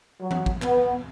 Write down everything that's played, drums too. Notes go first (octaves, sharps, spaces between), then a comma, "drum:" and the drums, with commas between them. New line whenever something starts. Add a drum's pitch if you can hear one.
F#3
drum: tom E3
drum: kick
B3, drum: clap